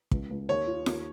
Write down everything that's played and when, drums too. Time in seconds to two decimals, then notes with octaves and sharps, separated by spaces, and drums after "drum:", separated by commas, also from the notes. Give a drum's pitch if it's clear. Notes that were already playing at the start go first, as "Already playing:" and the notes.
0.11 C#2, drum: kick
0.30 C#2
0.49 D#2 C#5
0.67 F4
0.86 D#2, drum: snare F4